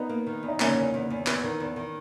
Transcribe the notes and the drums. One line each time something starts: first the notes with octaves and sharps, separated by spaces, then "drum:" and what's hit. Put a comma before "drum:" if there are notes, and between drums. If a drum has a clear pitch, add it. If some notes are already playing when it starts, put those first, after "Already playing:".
Already playing: B3 D#4
A#3
D#3
E2
D#4
E2 A#3 C#4, drum: clap
E2
E2
E2
E2 B3, drum: clap
D#3
E2
D#3